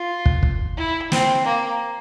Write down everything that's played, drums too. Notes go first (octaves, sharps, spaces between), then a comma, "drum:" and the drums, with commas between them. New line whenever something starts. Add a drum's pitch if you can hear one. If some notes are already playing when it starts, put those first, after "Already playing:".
Already playing: F4
drum: kick
drum: kick
E4
C4, drum: snare
A#3